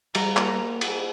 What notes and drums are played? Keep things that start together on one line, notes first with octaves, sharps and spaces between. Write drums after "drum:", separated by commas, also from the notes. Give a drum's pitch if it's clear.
G3 A#5, drum: cymbal
A#3, drum: clap
drum: cymbal